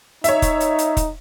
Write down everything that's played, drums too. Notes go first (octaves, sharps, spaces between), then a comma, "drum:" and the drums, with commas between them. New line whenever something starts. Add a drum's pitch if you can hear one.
D#4 C#5 E5, drum: hi-hat
drum: kick, hi-hat
drum: hi-hat
drum: hi-hat
drum: kick, hi-hat